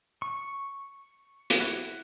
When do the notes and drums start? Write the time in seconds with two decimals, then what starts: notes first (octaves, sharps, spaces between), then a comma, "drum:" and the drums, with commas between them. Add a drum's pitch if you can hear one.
0.22 C#6
1.50 drum: hi-hat
1.59 E4 F#4